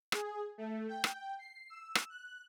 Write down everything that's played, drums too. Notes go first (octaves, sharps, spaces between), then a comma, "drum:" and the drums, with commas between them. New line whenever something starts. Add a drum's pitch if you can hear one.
G#4, drum: rim click
A3
G5
drum: rim click
C7
E6
drum: rim click
F#6